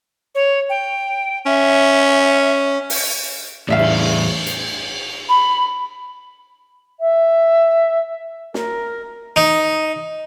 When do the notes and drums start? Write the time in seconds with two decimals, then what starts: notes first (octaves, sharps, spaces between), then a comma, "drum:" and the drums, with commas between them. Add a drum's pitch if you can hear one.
0.35 C#5
0.70 G5
1.46 C#4 E5
2.90 drum: open hi-hat
3.68 E2 A2 D5 E5 F5
3.79 drum: cymbal
4.46 drum: hi-hat
5.29 B5
7.00 E5
8.54 A#4, drum: snare
9.36 D#4